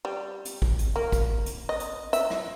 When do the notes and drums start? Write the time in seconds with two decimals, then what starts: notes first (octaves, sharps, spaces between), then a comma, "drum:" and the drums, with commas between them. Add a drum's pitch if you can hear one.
0.05 G3
0.45 drum: hi-hat
0.62 drum: kick A1
0.79 drum: hi-hat
0.96 A#3
1.12 drum: kick A1, hi-hat
1.46 drum: hi-hat
1.69 D#5
1.80 drum: hi-hat
2.13 E5, drum: hi-hat
2.30 drum: rim click